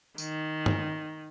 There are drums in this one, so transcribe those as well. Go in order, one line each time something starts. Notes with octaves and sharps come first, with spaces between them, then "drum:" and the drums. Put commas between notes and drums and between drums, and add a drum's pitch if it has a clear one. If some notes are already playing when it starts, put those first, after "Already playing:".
D#3, drum: tambourine
drum: tom G2